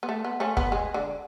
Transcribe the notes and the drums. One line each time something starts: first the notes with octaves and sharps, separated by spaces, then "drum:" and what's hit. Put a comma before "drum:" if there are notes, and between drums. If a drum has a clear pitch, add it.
B3
A3
B3
A3 C#4
B3, drum: kick
G#3
D3